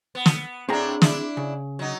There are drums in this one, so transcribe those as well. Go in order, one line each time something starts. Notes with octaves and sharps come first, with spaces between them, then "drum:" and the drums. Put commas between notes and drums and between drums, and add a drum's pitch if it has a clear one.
B3
drum: snare
A2 C4 D4 G#4 A#5
D4 E4, drum: snare
C#3
F#3 D#4